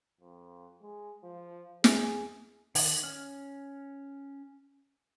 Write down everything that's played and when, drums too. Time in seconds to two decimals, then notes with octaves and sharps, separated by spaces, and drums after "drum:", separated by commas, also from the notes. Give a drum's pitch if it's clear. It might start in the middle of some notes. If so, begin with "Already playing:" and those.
0.20 F2
0.82 G#3
1.23 F3
1.84 G#4, drum: snare
2.75 D#3, drum: open hi-hat
3.03 C#4 F6